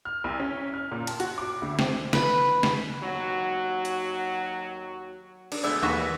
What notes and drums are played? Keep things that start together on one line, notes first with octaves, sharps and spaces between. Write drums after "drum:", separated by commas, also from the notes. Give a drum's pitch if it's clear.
F6
C2
C#4
F6
A#2
A5, drum: cymbal
F#4, drum: hi-hat
D6
D2
C4, drum: snare
B4, drum: snare
drum: snare
D#2 F#3 F#4
drum: hi-hat
D4, drum: cymbal
B2 G#3 A3 D5 D6 E6
D#2 E3 F#4 E5 C#6 B6